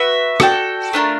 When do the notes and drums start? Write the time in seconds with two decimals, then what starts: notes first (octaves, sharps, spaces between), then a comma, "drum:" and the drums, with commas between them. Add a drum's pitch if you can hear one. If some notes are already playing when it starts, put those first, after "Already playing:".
Already playing: F#4 B4 E5
0.40 F#4 A4 D5 G5, drum: rim click
0.93 A3 D4 F4 A#4